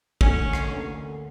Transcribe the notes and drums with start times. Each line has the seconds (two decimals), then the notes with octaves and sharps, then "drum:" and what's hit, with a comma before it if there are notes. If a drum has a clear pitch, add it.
0.21 D2 D3 A#3 C#4, drum: kick
0.53 drum: rim click
0.69 D2 D3 A#3